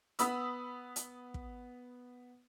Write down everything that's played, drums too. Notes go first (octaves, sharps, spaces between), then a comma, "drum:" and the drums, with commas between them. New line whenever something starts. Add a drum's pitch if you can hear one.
B3 B5 D#6 E6, drum: hi-hat
drum: hi-hat
drum: kick